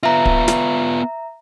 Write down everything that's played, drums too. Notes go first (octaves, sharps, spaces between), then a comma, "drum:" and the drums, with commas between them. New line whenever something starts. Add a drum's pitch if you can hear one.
B3 F4 E5 A#5
drum: kick
drum: snare